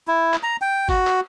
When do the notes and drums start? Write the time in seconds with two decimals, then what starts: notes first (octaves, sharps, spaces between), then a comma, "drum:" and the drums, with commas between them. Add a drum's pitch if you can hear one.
0.08 E4
0.34 drum: clap
0.43 A#5
0.62 G5
0.89 F#4, drum: kick G1, tambourine
1.07 drum: clap